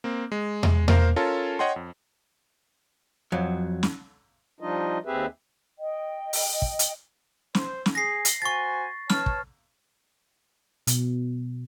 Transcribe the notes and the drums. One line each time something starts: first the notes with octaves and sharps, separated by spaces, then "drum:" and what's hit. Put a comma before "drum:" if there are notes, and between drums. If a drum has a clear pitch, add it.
A#3 C4
G#3
drum: tom E2
A#3 A#4 C5 F5, drum: tom E2
C#4 F4 A4 A#4 C#5 A5
C#5 D#5 F#5 G5 C6
F2
F2 F#3
drum: snare
F3 G3 D4 D#4 F4 D#5
D#2 C4 G4 G#4 B4 E5
D#5 G5
drum: open hi-hat
drum: kick
drum: hi-hat
C5, drum: snare
drum: snare
G#4 A#6 C7
drum: hi-hat
F#4 C5 G#5 C#6 A6
B4 C#5 A5 F6, drum: snare
drum: kick
B2, drum: hi-hat